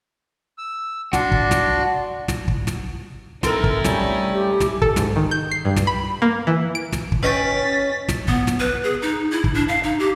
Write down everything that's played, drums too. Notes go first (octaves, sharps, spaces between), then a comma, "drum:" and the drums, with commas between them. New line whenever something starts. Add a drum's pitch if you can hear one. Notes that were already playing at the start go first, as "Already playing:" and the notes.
E6
D4 F#4 D5 C6, drum: snare
drum: kick
drum: snare
drum: snare
drum: kick
drum: snare
C4 D#4 E4 A4 A#4, drum: snare
drum: kick
G3 A3 C#4, drum: snare
G4
drum: snare
A4, drum: kick
G#2, drum: snare
D#3
G6
C7
G2
drum: snare
B5
A#3
E3
D7
drum: snare
drum: kick
C#4 B4 D#5 G5 A6 B6
drum: snare
B3, drum: kick
drum: snare
B4
G#4
D#4
E4
drum: kick
D4
F5
D#4
G4